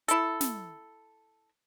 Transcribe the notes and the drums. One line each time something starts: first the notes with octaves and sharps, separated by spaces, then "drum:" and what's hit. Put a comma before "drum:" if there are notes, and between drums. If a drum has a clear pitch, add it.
E4 A4, drum: hi-hat
drum: snare